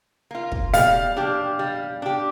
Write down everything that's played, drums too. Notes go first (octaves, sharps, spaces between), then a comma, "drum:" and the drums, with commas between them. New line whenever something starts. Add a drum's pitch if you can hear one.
A#3 F4
drum: kick
G3 F5, drum: open hi-hat
D4 G4
G3
D4 G4